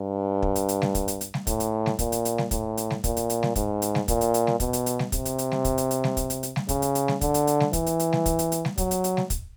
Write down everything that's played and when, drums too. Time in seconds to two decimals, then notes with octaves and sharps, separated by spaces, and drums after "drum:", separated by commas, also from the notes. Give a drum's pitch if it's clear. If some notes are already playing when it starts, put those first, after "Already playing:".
Already playing: G2
0.42 drum: kick
0.56 drum: hi-hat
0.69 drum: hi-hat
0.82 drum: snare G3
0.95 drum: kick, hi-hat
1.08 drum: hi-hat
1.21 drum: hi-hat
1.34 drum: snare G3
1.47 A2, drum: kick, hi-hat
1.60 drum: hi-hat
1.86 drum: snare G3
1.99 A#2, drum: kick, hi-hat
2.12 drum: hi-hat
2.25 drum: hi-hat
2.38 drum: snare G3
2.51 A2, drum: kick, hi-hat
2.77 drum: hi-hat
2.90 drum: snare G3
3.04 A#2, drum: kick, hi-hat
3.17 drum: hi-hat
3.30 drum: hi-hat
3.43 drum: snare G3
3.56 G#2, drum: kick, hi-hat
3.82 drum: hi-hat
3.95 drum: snare G3
4.08 A#2, drum: kick, hi-hat
4.21 drum: hi-hat
4.34 drum: hi-hat
4.47 drum: snare G3
4.60 B2, drum: kick, hi-hat
4.73 drum: hi-hat
4.86 drum: hi-hat
4.99 drum: snare G3
5.12 C3, drum: kick, hi-hat
5.25 drum: hi-hat
5.38 drum: hi-hat
5.52 drum: snare G3
5.65 drum: kick, hi-hat
5.78 drum: hi-hat
5.91 drum: hi-hat
6.04 drum: snare G3
6.17 drum: kick, hi-hat
6.30 drum: hi-hat
6.43 drum: hi-hat
6.56 drum: snare G3
6.69 C#3, drum: kick, hi-hat
6.82 drum: hi-hat
6.95 drum: hi-hat
7.08 drum: snare G3
7.21 D3, drum: kick, hi-hat
7.34 drum: hi-hat
7.47 drum: hi-hat
7.60 drum: snare G3
7.73 E3, drum: kick, hi-hat
7.86 drum: hi-hat
8.00 drum: hi-hat
8.13 drum: snare G3
8.26 drum: kick, hi-hat
8.39 drum: hi-hat
8.52 drum: hi-hat
8.65 drum: snare G3
8.78 F#3, drum: kick, hi-hat
8.91 drum: hi-hat
9.04 drum: hi-hat
9.17 drum: snare G3
9.30 drum: kick, hi-hat